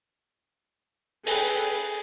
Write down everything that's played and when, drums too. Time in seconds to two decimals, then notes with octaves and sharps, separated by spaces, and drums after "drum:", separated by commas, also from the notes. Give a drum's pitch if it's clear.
1.26 G#4 A4 B4 G5, drum: open hi-hat